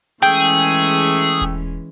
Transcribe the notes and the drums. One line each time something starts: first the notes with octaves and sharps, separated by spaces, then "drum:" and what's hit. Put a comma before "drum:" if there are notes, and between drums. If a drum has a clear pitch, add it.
E3 G#3 A3 C#4 G#4 G5
drum: kick D#1